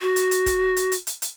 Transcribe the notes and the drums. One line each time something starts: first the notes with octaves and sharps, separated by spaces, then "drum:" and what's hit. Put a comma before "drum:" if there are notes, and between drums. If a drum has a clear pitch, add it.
F#4
drum: hi-hat
drum: hi-hat
drum: kick, hi-hat
drum: hi-hat
drum: hi-hat
drum: hi-hat
drum: hi-hat